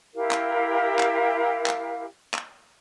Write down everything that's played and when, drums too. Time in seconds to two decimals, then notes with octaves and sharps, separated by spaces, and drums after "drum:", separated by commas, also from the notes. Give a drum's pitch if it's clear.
0.14 E4 G4 A#4 F5
0.31 drum: clap
0.99 drum: clap
1.66 drum: clap
2.34 drum: clap